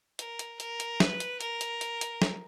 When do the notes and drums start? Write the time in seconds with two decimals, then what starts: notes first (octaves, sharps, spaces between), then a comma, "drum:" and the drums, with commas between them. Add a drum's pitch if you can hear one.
0.19 A#4, drum: hi-hat
0.39 drum: hi-hat
0.60 A#4, drum: hi-hat
0.80 drum: hi-hat
1.00 B4, drum: snare
1.20 drum: hi-hat
1.41 A#4, drum: hi-hat
1.61 drum: hi-hat
1.81 drum: hi-hat
2.01 drum: hi-hat
2.22 drum: snare